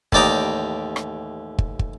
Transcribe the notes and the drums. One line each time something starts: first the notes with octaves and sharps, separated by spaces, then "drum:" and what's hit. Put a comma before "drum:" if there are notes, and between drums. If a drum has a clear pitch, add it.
A1 D#2 D5 G5 A#5 D#6, drum: kick
drum: rim click
drum: kick
drum: kick